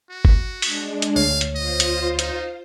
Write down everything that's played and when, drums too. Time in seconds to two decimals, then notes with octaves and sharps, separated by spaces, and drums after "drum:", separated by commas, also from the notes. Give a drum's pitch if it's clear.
0.10 F#4
0.25 drum: kick F#1
0.62 G#3 D4, drum: open hi-hat
1.02 drum: hi-hat
1.16 D2 C#5 F5
1.41 drum: hi-hat
1.55 F4 C5 D#5
1.80 drum: hi-hat
2.19 D#4, drum: hi-hat